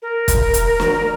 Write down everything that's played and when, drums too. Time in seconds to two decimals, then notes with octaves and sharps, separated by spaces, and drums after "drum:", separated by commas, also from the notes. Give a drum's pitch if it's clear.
0.02 A#4
0.28 drum: kick, hi-hat
0.54 drum: hi-hat
0.80 drum: snare